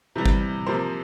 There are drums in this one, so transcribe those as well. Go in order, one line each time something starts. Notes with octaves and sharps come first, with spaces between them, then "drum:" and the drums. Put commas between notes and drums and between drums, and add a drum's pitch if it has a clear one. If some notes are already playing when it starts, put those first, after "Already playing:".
C3 E3 G3
drum: kick G#1
C3 F3 A#3 C5